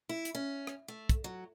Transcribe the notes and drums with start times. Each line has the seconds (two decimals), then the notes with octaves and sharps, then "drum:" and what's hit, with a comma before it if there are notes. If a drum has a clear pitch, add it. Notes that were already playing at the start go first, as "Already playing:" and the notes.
0.09 E4
0.25 drum: hi-hat
0.35 C#4
0.67 drum: rim click
0.88 A3
1.09 drum: kick, hi-hat
1.24 F#3